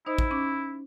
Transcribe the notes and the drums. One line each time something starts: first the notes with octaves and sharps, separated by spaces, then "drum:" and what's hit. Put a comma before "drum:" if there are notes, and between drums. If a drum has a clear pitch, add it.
D#4 E4 C5 D#5
drum: kick
C#4 D6